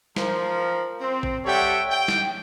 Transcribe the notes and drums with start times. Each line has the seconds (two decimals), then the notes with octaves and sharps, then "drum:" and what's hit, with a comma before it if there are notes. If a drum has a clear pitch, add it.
0.16 F3 A#4, drum: snare
1.01 C4
1.23 drum: kick
1.44 G3 A4 C#5 E5 F#5 G5
1.90 G5
2.08 drum: snare